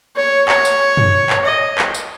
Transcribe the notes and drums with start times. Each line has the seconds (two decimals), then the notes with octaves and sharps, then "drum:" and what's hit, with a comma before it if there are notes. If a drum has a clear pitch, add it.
0.16 C#5
0.48 C#5, drum: clap
0.65 drum: tambourine
0.97 drum: tom
1.30 drum: clap
1.46 D#5
1.78 drum: clap
1.94 drum: tambourine